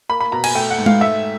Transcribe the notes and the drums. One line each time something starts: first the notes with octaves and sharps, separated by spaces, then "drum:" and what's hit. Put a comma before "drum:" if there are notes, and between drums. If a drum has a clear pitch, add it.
A#3 B5
B5
B2 A#5
G#5, drum: cymbal
A3 G5
F#5
G#2
F5, drum: tom G#3
A3 E5